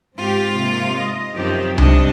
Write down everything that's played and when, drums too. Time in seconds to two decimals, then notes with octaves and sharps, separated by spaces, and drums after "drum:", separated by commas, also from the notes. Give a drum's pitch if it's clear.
0.17 G#2 C4 F4 G4 F5
0.57 C3 A#3
0.97 D#5
1.35 F#2 C3 D#3 F3 G4
1.78 C3 G3 G#3 D4 D#5, drum: tom C2